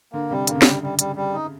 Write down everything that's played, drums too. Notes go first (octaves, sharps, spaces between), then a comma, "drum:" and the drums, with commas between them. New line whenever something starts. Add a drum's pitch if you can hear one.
D3 A#3
C3 G3
D3 A#3, drum: hi-hat
C#3
D3 G3, drum: snare
G3
G3, drum: hi-hat
G3
D#4